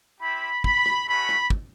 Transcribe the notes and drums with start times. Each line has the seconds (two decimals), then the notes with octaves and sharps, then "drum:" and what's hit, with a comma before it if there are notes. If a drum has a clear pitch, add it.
0.21 C4 E4 G4 B5
0.64 B5, drum: kick
0.86 drum: rim click
1.07 A3 C#4 F#4 B5
1.29 drum: rim click
1.50 drum: kick